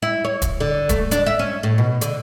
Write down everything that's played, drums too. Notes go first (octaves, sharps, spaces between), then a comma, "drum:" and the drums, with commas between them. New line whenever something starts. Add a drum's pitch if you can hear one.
E4
C#5
drum: kick, hi-hat
D3
A3, drum: kick, hi-hat
D4, drum: hi-hat
E5
C#4
A2
B2
D3, drum: hi-hat